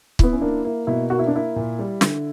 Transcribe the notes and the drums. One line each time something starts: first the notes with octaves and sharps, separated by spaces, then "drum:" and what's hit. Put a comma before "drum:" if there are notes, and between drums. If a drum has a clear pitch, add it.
B3 E4, drum: kick
C#4
A#3 D4
A#3 E4
B2 E4
A#3 F#4
E4
D4
A#3 E4
A#2
G3
D3, drum: snare